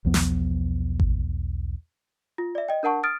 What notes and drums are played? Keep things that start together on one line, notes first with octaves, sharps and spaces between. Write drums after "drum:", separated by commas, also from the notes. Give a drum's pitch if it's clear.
B1 E2 F3 B3
drum: snare
drum: kick G#1
F4
D5 E5
D#5 G5
D4 A#4 F#5 A5 C#6
D#6 F6 A6 D7